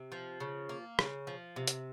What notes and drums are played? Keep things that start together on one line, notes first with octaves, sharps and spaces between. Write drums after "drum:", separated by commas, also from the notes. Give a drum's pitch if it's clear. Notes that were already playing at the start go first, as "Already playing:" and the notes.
Already playing: C3
F3
C#3
A#3
C#3, drum: rim click
F3
C3
drum: hi-hat